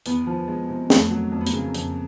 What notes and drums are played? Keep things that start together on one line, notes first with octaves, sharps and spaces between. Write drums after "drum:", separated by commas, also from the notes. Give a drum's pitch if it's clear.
E2 B3, drum: hi-hat
F3
G#3
C3
F2 A3, drum: snare
F#3
F2
B3
A#3, drum: hi-hat
C#3
F2, drum: hi-hat